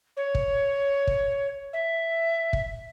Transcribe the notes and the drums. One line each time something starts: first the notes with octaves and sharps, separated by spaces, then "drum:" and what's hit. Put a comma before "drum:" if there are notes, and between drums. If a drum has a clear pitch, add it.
C#5
drum: kick
drum: kick
E5
drum: kick